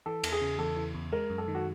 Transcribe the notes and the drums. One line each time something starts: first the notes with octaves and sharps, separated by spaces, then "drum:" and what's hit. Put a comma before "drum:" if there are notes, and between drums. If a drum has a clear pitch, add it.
E3 A4
E2, drum: cymbal
G#4
C#3
E2 A4
E3
E2
G#3 A#4
F#2
A4
D#3
F#4